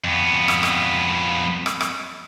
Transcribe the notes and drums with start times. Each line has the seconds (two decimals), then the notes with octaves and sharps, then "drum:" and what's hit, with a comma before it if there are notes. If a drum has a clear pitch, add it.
0.04 F2 B3
0.48 drum: rim click
0.63 drum: rim click
1.66 drum: rim click
1.81 drum: rim click